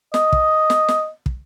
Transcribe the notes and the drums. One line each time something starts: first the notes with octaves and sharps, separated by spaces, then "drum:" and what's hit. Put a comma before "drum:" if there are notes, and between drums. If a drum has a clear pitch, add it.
D#5, drum: snare
drum: kick
drum: snare
drum: snare
drum: kick